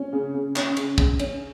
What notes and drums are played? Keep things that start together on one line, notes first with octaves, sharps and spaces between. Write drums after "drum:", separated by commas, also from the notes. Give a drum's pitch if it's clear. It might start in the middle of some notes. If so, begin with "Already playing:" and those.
Already playing: C#4
C#3
C#3
C#4, drum: clap
C#3, drum: cymbal
C#3, drum: kick
C#4, drum: cymbal